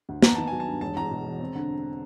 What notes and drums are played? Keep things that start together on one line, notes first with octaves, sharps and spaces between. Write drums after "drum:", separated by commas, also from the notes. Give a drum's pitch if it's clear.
D2
B3 A#5, drum: snare
D#3 A5
F#3 G#5
A5
G2
E1 A5
E2 A#5
B2
E1
C4
D3